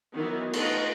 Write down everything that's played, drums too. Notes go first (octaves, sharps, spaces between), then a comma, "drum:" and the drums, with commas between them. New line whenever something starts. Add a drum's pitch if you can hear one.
D#3 E3 F#3 B3
A3 D#4 F4 D#5 F#5, drum: cymbal